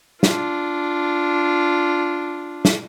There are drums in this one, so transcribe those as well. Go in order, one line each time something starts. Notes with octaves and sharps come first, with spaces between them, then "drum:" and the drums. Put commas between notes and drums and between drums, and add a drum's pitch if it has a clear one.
D4 F4, drum: snare
drum: snare